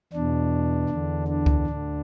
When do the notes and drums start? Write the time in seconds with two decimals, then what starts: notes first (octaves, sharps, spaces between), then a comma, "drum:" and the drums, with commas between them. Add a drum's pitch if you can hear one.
0.13 E2 B2 D4
0.89 E2 D3
1.27 D4
1.46 drum: kick C#2
1.67 D2 D3